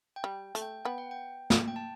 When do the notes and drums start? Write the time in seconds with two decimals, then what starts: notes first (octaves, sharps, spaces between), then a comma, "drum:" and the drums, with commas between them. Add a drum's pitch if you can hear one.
0.16 G5
0.24 G3
0.55 A3, drum: hi-hat
0.62 G5
0.85 B3 G5
0.98 F#5
1.11 G5
1.50 drum: snare
1.68 G5
1.76 A5